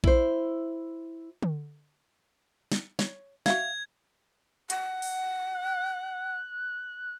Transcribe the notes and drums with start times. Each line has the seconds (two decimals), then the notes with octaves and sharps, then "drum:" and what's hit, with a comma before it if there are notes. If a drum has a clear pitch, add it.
0.04 E4 C5, drum: kick A#1
1.43 drum: tom D3
2.72 drum: snare
2.99 C#5, drum: snare
3.46 F#4 E5 F5 G#6, drum: snare
4.70 F#5, drum: hi-hat
5.02 drum: open hi-hat
5.55 F#6